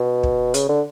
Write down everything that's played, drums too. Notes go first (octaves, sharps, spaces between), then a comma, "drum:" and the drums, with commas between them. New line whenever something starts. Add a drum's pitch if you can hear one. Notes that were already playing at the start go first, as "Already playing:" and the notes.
Already playing: B2
drum: kick
C#3, drum: hi-hat
D3